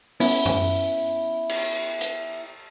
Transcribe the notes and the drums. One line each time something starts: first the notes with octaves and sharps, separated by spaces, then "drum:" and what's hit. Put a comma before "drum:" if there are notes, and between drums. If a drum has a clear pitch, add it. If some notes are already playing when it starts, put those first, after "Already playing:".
B3 C#4 E4, drum: open hi-hat
drum: tom F#2
drum: cymbal
drum: hi-hat